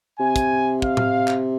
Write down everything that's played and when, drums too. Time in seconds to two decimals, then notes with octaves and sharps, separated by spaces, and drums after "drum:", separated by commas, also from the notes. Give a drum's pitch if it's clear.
0.20 C3 G#5
0.36 drum: kick, hi-hat
0.82 F5, drum: kick
0.97 drum: tom A2
1.28 drum: clap